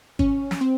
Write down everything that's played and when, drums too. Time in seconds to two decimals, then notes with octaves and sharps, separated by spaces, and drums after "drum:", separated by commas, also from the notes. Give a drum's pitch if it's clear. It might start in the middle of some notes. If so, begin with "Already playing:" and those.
0.19 C#4, drum: kick
0.51 drum: snare
0.61 C4